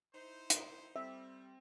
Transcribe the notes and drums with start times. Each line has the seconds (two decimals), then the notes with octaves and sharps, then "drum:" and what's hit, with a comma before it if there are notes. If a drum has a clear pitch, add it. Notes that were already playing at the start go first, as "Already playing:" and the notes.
0.13 D#4 E4 C5
0.50 drum: hi-hat
0.96 G3 C4 E5